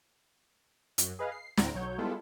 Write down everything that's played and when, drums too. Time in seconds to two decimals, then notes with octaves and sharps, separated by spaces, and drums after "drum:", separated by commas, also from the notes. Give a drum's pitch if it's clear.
0.98 F#2 F#3, drum: hi-hat
1.19 G#4 B4 D#5 F5
1.32 C7
1.57 D2 A2 C4 E4 A#5 D7, drum: snare
1.74 B1 F#3 C#5 G6
1.98 G3 G#3 B3 E4 F4 A4